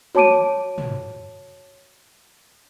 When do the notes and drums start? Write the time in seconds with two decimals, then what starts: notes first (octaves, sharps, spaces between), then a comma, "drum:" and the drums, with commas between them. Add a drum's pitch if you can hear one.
0.15 F#4 C#5 A5 D6 D7 D#7, drum: tom
0.78 drum: tom